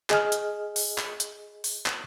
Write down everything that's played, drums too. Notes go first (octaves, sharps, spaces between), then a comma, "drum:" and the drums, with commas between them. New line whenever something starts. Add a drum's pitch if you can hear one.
G#4 D#5 G#5 F6, drum: clap
drum: hi-hat
drum: open hi-hat
drum: clap
drum: hi-hat
drum: open hi-hat
drum: clap